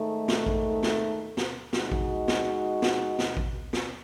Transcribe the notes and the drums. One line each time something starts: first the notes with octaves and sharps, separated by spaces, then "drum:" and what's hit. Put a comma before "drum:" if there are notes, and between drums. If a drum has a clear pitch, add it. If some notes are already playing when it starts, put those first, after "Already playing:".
Already playing: G#2 D#3 A3
drum: snare
drum: kick A1
drum: snare
drum: snare
G#3 D#4 F#4, drum: snare
drum: kick A1
drum: snare
drum: snare
drum: snare
drum: kick A1
drum: snare